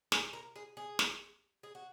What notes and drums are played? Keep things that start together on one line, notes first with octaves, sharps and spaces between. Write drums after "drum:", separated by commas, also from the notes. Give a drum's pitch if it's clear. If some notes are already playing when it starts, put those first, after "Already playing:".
G#4, drum: snare
A#4
G#4
G#4
drum: snare
G#4
F#4